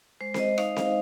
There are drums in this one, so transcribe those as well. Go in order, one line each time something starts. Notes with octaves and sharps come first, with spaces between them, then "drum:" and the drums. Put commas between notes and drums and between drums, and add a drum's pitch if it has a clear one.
G#3 C5
C5, drum: snare C4
D#5
D#4 F5, drum: rim click
F5, drum: snare C4